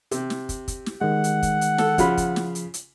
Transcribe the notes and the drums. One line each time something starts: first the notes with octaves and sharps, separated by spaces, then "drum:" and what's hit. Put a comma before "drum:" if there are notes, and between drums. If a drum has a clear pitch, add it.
C3, drum: hi-hat
drum: snare
drum: kick, hi-hat
drum: kick, hi-hat
drum: snare
D#3 G#3 F#5
drum: hi-hat
drum: kick, hi-hat
drum: hi-hat
A4, drum: snare
C#3 F3 F4 B5, drum: kick, hi-hat
drum: kick, hi-hat
drum: snare
drum: hi-hat
drum: hi-hat